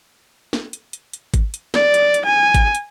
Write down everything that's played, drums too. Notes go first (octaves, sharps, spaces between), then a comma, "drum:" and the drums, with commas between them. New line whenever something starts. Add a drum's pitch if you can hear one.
drum: snare
drum: hi-hat
drum: hi-hat
drum: hi-hat
drum: kick G#1, hi-hat
drum: hi-hat
D5, drum: snare
drum: hi-hat
drum: hi-hat
G#5
drum: kick G#1, hi-hat
drum: hi-hat